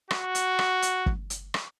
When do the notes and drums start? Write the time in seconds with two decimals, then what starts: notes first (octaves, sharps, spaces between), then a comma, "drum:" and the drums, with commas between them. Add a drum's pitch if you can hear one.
0.11 F#4, drum: rim click
0.35 drum: hi-hat
0.59 drum: rim click
0.82 drum: hi-hat
1.06 drum: kick
1.30 drum: hi-hat
1.54 drum: rim click